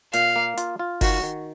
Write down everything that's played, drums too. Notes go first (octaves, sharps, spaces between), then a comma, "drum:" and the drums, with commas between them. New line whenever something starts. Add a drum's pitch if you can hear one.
A#2 F5, drum: hi-hat
A#3
F4, drum: hi-hat
F4
D#3 F#4, drum: kick F#1, open hi-hat
D#3